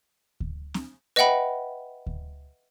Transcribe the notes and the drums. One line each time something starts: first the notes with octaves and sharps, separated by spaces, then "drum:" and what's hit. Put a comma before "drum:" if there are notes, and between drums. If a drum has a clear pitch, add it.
drum: kick D2
drum: snare C4
B4 D#5 E5 F#5 G5 B5
drum: kick D2